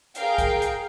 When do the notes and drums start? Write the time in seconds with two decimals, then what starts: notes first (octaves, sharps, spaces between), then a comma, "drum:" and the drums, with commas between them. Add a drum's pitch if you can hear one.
0.15 G#4 A#4 F5 G5, drum: hi-hat
0.38 drum: kick, hi-hat
0.62 drum: hi-hat